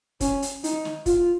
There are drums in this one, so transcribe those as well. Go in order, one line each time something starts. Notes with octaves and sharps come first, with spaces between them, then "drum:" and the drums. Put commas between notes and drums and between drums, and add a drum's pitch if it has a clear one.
C#4, drum: kick, hi-hat
drum: hi-hat
D#4, drum: hi-hat
drum: snare
F4, drum: kick, hi-hat